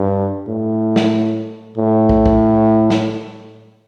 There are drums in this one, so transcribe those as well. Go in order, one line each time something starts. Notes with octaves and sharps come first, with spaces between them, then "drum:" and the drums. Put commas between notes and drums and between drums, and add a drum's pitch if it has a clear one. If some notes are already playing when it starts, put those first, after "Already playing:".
Already playing: G2
A2
drum: snare
A2
drum: kick
drum: kick
drum: snare